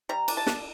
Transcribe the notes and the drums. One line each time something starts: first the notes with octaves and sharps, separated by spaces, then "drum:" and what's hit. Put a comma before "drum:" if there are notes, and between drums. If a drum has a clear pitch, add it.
G3 A#5
D4, drum: cymbal
A5
D4, drum: snare